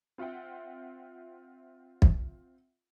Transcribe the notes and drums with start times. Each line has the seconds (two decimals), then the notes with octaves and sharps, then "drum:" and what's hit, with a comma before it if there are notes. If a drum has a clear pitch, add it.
0.18 C4 F4 E5 F#5 G5
2.02 drum: kick